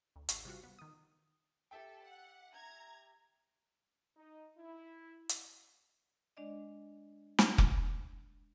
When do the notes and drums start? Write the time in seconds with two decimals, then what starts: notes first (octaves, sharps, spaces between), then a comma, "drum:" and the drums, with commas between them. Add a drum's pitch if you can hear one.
0.16 D2
0.29 G#1 F#5 G#5 A5 C#6 C7, drum: hi-hat
0.45 C3 G3 F4 F#4
0.63 B3
0.79 D#3 D#6
1.71 G4 A4 E5 G5
2.05 F#5
2.53 A#5 G#6
4.17 D#4
4.57 E4
5.29 drum: hi-hat
6.37 G#3 D4 D5 D#5
7.39 drum: snare
7.58 drum: kick F1